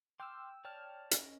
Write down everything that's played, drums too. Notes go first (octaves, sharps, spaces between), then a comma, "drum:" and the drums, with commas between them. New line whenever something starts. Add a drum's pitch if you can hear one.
G5 C6 D6 E6 F6
C#5 D5 G5 A5 F6
C#4 A#4 D#5, drum: hi-hat